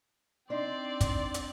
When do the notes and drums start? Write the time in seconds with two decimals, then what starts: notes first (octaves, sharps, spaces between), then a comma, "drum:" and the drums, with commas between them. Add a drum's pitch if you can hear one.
0.50 C4 D4 D#4 D5 C6
1.01 drum: kick, hi-hat
1.34 drum: hi-hat